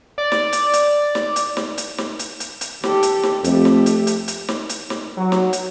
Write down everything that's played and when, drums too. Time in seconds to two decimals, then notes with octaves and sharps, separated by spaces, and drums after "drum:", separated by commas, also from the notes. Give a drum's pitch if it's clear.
0.18 D5
0.32 drum: snare
0.52 drum: hi-hat
0.73 drum: hi-hat
1.15 drum: snare
1.36 drum: hi-hat
1.57 drum: snare
1.78 drum: hi-hat
1.98 drum: snare
2.19 drum: hi-hat
2.40 drum: hi-hat
2.61 drum: hi-hat
2.84 G4 A4, drum: snare
3.03 drum: hi-hat
3.23 drum: snare
3.44 F2 A3 G4, drum: hi-hat
3.65 drum: snare
3.86 drum: hi-hat
4.07 drum: hi-hat
4.28 drum: hi-hat
4.48 drum: snare
4.69 drum: hi-hat
4.90 drum: snare
5.17 F#3
5.32 drum: snare
5.53 drum: hi-hat